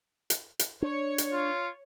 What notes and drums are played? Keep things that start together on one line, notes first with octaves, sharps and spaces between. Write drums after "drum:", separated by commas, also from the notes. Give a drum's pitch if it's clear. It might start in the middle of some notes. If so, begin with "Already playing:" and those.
drum: hi-hat
drum: hi-hat
D4 C#5
drum: hi-hat
F4